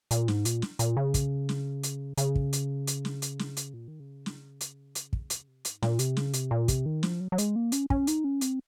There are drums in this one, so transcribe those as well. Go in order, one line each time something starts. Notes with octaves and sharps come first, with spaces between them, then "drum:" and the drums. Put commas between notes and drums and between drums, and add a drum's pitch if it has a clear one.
A#2, drum: hi-hat
G#2, drum: snare
A#2, drum: hi-hat
drum: snare
A#2, drum: hi-hat
C#3
drum: kick, hi-hat
drum: snare
drum: hi-hat
C#3, drum: hi-hat
drum: kick
drum: hi-hat
drum: hi-hat
drum: snare
drum: hi-hat
drum: snare
drum: hi-hat
A#2
D#3
C#3
drum: snare
drum: hi-hat
drum: hi-hat
drum: kick
C3, drum: hi-hat
C#3
C3
G#2, drum: hi-hat
A#2, drum: snare
C3, drum: hi-hat
C#3, drum: snare
C3, drum: hi-hat
A#2
C3, drum: kick, hi-hat
D#3
F3, drum: snare
F#3
F#3
G#3, drum: hi-hat
A#3
C#4, drum: hi-hat
C#4, drum: kick
D#4, drum: hi-hat
C#4
C4, drum: hi-hat